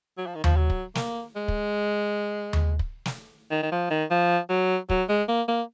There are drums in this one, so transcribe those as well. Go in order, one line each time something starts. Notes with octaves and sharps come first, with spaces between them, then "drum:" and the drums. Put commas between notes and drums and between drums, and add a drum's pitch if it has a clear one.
F#3
F3
D#3
F3, drum: tom D#2
F#3
drum: kick
A#3, drum: snare
G#3
drum: kick
drum: tom D#2
drum: kick
drum: snare
D#3
D#3
F3
D#3
F3
F#3
F#3, drum: kick
G#3
A#3
A#3